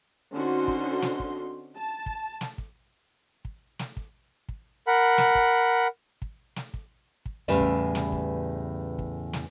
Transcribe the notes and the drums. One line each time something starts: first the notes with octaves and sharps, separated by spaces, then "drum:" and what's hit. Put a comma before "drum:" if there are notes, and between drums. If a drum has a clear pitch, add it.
D3 C4 C#4 D#4 F#4 C6
drum: kick
drum: snare
drum: kick
A5
drum: kick
drum: snare
drum: kick
drum: kick
drum: snare
drum: kick
drum: kick
A#4 F#5 B5
drum: snare
drum: kick
drum: kick
drum: snare
drum: kick
drum: kick
E2 A2 C#3 G3 B4 E5
drum: kick
drum: snare
drum: kick
drum: kick
drum: snare